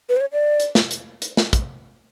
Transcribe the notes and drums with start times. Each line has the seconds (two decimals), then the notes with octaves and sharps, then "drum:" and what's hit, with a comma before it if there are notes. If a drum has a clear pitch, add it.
0.09 B4
0.17 C5
0.21 C#5
0.33 D5
0.60 drum: hi-hat
0.75 drum: snare
0.91 drum: hi-hat
1.22 drum: hi-hat
1.37 drum: snare
1.53 drum: kick, hi-hat